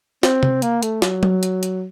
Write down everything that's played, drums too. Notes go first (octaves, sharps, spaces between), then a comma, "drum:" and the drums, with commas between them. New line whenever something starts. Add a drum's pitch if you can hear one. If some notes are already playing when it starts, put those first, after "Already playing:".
C4, drum: snare
drum: tom C3
A#3, drum: hi-hat
A3, drum: hi-hat
F#3, drum: snare
drum: tom F#3
drum: hi-hat
drum: hi-hat